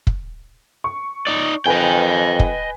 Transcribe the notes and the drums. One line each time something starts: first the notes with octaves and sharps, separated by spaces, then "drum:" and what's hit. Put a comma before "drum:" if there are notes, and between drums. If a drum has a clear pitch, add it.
drum: kick
C#6
D#4 D5
F2 B4 D#5 G5 G#5
drum: kick